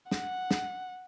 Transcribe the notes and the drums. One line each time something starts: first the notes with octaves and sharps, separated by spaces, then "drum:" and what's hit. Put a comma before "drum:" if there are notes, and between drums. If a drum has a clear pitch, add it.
F#5, drum: snare
drum: snare